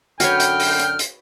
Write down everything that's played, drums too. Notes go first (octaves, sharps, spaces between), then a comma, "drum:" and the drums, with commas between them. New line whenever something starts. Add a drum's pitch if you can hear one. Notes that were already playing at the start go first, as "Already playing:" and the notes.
F#2 D3 F#4 B4 C#5 G5 F6, drum: hi-hat
drum: hi-hat
drum: open hi-hat
drum: hi-hat
drum: hi-hat